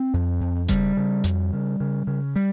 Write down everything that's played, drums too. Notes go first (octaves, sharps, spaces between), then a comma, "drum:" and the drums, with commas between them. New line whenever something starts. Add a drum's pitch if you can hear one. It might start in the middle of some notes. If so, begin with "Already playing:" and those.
Already playing: C4
F2
F2
C#3 G3, drum: kick E1, hi-hat
C#3
F2, drum: hi-hat
C#3
C#3
C#3
G3